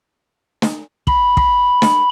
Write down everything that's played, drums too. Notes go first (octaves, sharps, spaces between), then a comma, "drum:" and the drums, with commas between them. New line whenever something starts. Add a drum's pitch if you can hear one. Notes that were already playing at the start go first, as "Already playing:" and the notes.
drum: snare
B5, drum: kick
drum: kick
drum: snare